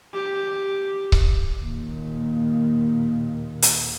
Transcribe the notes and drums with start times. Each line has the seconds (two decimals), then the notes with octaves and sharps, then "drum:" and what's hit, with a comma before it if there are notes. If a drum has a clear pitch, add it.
0.14 G4
1.12 drum: kick C#1
1.63 D#2 A#2
3.62 drum: hi-hat